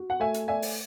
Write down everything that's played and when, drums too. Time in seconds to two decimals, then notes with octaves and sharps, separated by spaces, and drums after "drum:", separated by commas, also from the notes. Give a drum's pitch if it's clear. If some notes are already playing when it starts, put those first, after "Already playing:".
Already playing: F#4
0.10 F#5
0.20 A3 E5 G#5
0.34 drum: hi-hat
0.48 D5 E5 G#5
0.62 drum: open hi-hat